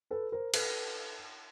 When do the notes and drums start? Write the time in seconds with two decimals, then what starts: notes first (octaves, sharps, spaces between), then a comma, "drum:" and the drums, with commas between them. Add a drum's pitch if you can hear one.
0.11 A4 B4
0.32 A#4 C5
0.54 A4 B4, drum: cymbal